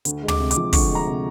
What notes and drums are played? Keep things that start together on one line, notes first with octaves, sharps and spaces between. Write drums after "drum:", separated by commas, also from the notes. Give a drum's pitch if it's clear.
D2, drum: hi-hat
G#3
D6, drum: tom
C3
D6, drum: hi-hat
F3
D2 C#6, drum: kick, open hi-hat
G#3 A#5
C3